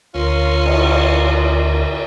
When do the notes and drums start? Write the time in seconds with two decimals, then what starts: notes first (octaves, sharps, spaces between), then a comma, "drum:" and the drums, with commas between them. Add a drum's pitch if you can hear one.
0.15 D2 C#4 F4 A#4
0.66 drum: cymbal